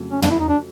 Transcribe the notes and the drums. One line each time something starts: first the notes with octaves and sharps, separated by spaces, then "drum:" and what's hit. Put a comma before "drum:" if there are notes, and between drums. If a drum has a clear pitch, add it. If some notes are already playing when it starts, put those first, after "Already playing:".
Already playing: F2 C#3 F#3 A3
C#4
D4, drum: tom
E4
D#4
D4